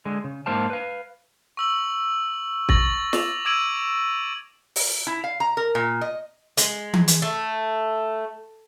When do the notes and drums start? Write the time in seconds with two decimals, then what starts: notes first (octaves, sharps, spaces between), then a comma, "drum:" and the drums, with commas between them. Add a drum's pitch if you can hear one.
0.05 D3 G#3
0.24 C#3
0.46 G#2 A#3 C5 F5 A5
0.70 B4 F5
1.57 C#6 E6 F#7
2.69 C#6 A6 A#6 F#7, drum: kick
3.13 D6 A6 F7, drum: snare
3.45 D6 E6 G#6 D7 D#7 F#7
4.76 drum: open hi-hat
5.07 E4
5.24 F5
5.40 A#5
5.57 A#4
5.75 A#2
6.01 D#5
6.57 G#3, drum: hi-hat
6.93 drum: tom E3
7.08 drum: hi-hat
7.22 A3